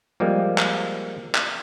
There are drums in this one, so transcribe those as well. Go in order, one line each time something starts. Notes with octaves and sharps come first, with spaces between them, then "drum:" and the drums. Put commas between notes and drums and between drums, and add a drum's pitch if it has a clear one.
F3 G3 G#3 A#3
drum: clap
drum: clap